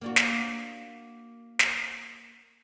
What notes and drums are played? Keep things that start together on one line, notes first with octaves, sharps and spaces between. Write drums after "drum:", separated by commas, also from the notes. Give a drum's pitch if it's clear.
A#3 D4 F#4
drum: snare
drum: snare